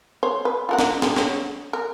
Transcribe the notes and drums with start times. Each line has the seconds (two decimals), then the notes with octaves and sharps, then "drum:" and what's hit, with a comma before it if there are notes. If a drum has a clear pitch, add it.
0.23 C5 C#5
0.45 B4
0.69 F4 A#4 F#5
0.79 drum: snare
1.02 G3, drum: snare
1.16 C#5, drum: snare
1.73 A#4